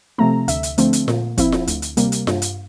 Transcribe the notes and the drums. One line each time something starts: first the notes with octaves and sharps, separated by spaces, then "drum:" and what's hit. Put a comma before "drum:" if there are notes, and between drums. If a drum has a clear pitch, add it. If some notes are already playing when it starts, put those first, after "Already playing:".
C3 F3 A3 C4 A#5
D2 E5, drum: hi-hat
drum: hi-hat
D3 F3 A3 C4, drum: hi-hat
drum: hi-hat
A#2, drum: snare F4
F3 C4 E4, drum: kick, hi-hat
drum: snare F4
D2, drum: hi-hat
drum: hi-hat
C3 G3 A#3, drum: hi-hat
drum: hi-hat
G2, drum: snare F4
drum: hi-hat